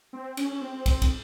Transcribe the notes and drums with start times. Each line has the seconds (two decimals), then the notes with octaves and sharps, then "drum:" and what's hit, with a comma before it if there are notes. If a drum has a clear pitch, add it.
0.13 C4
0.37 C#4, drum: cymbal
0.50 C#4
0.61 C4
0.73 C4
0.86 C4, drum: kick, cymbal
1.02 drum: kick, cymbal